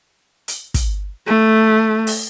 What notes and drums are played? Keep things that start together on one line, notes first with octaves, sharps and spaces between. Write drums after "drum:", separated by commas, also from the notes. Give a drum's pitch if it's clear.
drum: hi-hat
drum: kick, hi-hat
A3
drum: open hi-hat